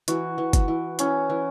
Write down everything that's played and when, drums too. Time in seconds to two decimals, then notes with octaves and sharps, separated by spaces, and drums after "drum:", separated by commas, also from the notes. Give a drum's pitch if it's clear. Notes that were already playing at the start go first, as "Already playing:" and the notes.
0.08 E3 F#4, drum: hi-hat
0.38 E3
0.53 drum: kick, hi-hat
0.68 E3
0.99 C#4 E4, drum: hi-hat
1.30 E3